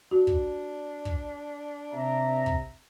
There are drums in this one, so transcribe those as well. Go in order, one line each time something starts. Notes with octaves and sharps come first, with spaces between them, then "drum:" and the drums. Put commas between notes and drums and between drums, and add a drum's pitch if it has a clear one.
D4 F#4
drum: kick
drum: kick
C3 E5 A#5
drum: kick